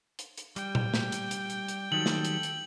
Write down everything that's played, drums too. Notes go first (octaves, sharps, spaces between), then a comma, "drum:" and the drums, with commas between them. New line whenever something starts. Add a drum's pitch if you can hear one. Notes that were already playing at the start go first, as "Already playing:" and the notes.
drum: hi-hat
drum: hi-hat
G3 G5, drum: hi-hat
drum: tom A#2
drum: snare
drum: hi-hat
drum: hi-hat
drum: hi-hat
drum: hi-hat
D#3 F#3 G3 A4 F#7
drum: snare
drum: hi-hat
drum: hi-hat